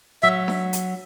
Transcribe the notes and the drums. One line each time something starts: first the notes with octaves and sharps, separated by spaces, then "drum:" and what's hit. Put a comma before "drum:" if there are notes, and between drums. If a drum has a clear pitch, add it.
F#3 E5
drum: snare D4
drum: hi-hat